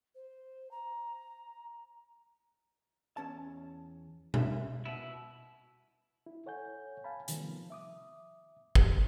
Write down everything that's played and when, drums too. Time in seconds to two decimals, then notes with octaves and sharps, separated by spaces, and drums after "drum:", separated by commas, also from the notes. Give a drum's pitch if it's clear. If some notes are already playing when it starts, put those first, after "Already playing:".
0.15 C5
0.71 A#5
3.17 E2 C#4 A5
4.34 E5, drum: tom B2
4.85 B2 E4
6.26 E4
6.46 A4 C#5 F#5 G#5 G6
7.04 F5 G#5 A5 B5
7.28 C3 D#3 F3 G3 A3 B3, drum: hi-hat
7.70 E5 D6 D#6
8.75 G4, drum: kick